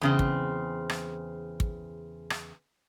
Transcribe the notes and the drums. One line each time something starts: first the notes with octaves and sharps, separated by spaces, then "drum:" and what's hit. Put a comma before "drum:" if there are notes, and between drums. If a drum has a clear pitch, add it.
E2 C#3 C4
drum: kick
drum: rim click
drum: kick
drum: rim click